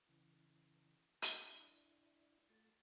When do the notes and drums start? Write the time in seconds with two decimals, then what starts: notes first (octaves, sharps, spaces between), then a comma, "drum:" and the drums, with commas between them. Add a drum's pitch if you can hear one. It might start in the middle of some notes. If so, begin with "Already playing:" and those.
0.09 C#3 E3
1.22 D4 E4, drum: hi-hat
2.50 A3 F4 A5